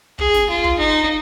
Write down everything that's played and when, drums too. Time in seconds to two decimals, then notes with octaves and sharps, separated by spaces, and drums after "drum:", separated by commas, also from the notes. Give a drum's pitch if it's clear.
0.19 G#4, drum: kick
0.34 drum: snare
0.49 F4
0.64 drum: kick
0.79 D#4